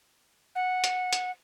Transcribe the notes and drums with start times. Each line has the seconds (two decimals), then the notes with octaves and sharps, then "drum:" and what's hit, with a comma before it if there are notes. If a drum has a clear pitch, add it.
0.55 F#5
0.84 drum: hi-hat
1.13 drum: hi-hat